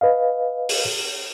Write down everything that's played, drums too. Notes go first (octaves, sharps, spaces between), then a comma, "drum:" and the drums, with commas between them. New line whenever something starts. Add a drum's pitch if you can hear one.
B4 D#5 F5
drum: open hi-hat